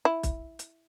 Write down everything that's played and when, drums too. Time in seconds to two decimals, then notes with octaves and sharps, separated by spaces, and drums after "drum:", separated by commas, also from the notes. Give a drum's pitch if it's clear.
0.05 E4
0.23 drum: kick, hi-hat
0.59 drum: hi-hat